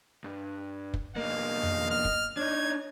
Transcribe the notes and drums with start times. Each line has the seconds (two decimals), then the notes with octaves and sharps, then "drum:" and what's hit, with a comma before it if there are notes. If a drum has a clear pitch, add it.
0.24 G2
0.94 drum: kick
1.16 B1 A#3 D#5 F5
1.63 drum: tom F2
1.91 F6
2.05 drum: kick
2.37 D4 D#4 C#5 G#6